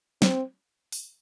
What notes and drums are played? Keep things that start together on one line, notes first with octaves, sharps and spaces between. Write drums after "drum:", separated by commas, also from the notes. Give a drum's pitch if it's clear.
C4, drum: snare
drum: open hi-hat